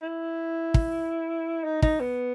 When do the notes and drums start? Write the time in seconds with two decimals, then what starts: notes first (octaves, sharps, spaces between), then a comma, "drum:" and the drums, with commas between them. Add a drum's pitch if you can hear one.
0.02 E4
0.74 drum: kick
1.64 D#4
1.82 D#4, drum: kick
2.00 B3